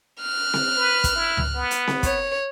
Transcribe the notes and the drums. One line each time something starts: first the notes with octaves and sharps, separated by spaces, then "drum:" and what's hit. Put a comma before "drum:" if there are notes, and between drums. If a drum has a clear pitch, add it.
F6 F#6
drum: snare C4
B4
drum: kick, hi-hat
E4
drum: tom C#2
B3
drum: hi-hat
drum: snare C4
C#5, drum: kick, hi-hat